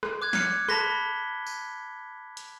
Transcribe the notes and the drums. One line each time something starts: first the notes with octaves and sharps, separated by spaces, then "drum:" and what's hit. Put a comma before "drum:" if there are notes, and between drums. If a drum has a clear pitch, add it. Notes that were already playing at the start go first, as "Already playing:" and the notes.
drum: rim click
D6 F#6 G#6
D6 F6 C#7, drum: snare
A5 B5 A#6 B6 G7, drum: rim click
drum: tambourine
drum: hi-hat